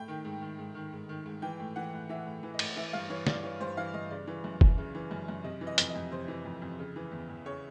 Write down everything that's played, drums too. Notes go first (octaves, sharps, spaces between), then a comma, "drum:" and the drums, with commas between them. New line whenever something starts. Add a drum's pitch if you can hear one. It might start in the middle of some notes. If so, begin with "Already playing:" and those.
Already playing: A2 G5
D#3
G#2
D#3
G#2
D#3
G#2
D#3
G#2
E3 G5
A2
E3 F#5
A2
E3 E5
A2
E3
D#5
A2, drum: cymbal
E3 E5
G2 F5
E3 C#5
G2 D5, drum: snare
E3 C#5
G2 C5
E3 F5
G2 D#5
C#3 D5
E3
F#2
F#2, drum: kick
C#3
E3
F#2
F#2
C3 D#5
E3
D#5
F2, drum: hi-hat
D#5
F2
C3 C5
E3
F2
F2
C#3
E3
E2
E2
C#3 C#5